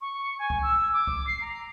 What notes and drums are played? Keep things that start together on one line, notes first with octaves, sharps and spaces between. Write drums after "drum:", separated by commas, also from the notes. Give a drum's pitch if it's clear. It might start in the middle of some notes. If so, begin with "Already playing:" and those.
C#6
G#5
drum: kick C2
E6
D6
drum: kick C2
C7
A#5